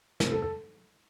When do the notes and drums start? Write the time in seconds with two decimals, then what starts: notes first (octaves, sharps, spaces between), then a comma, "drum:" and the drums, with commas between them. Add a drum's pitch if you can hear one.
0.20 C3 F3 A3 E4 A#4, drum: snare
0.32 A4
0.42 A4